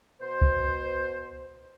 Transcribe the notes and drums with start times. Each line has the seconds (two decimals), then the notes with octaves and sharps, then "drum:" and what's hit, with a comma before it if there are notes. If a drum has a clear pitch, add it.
0.21 B2 C5
0.42 drum: kick C#2